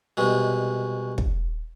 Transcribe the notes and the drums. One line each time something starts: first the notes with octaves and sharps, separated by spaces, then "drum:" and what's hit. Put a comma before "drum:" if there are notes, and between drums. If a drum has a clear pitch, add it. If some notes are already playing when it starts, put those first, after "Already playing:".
C2 B2 G#3
drum: kick